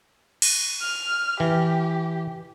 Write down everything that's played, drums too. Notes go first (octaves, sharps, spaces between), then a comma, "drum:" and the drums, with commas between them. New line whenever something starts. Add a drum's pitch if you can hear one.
drum: cymbal
F6
E3 G4